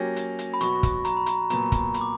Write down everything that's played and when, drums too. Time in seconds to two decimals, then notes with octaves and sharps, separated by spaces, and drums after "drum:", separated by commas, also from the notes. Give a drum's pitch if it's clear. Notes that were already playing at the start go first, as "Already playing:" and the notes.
Already playing: F#3 A#3 C#4 G4 A#6
0.16 drum: hi-hat
0.39 drum: hi-hat
0.54 B5
0.61 B2 F#3 B3 F#4 C#6, drum: hi-hat
0.83 drum: kick, hi-hat
1.05 A#5, drum: hi-hat
1.17 B5
1.26 A#5, drum: hi-hat
1.50 A#2 F#3 B3 A#5, drum: hi-hat
1.72 drum: kick, hi-hat
1.94 B5, drum: hi-hat
2.01 D6